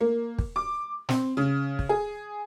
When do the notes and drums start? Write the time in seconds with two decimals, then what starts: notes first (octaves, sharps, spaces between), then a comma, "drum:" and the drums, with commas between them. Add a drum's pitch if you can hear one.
0.01 A#3
0.38 drum: kick
0.56 D6
1.09 C4, drum: snare
1.37 C#3
1.79 drum: kick
1.89 G#4